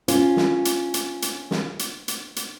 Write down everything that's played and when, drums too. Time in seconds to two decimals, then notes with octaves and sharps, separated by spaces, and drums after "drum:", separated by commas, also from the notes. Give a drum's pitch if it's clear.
0.08 C#4 F4, drum: hi-hat
0.37 drum: snare
0.65 drum: hi-hat
0.94 drum: hi-hat
1.22 drum: hi-hat
1.51 drum: snare
1.79 drum: hi-hat
2.08 drum: hi-hat
2.36 drum: hi-hat